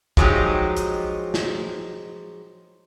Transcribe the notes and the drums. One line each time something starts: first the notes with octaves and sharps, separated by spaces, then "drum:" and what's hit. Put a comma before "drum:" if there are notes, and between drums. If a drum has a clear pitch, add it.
F3 F#3 G#3 C#4 D#4 G4, drum: kick
drum: hi-hat
drum: snare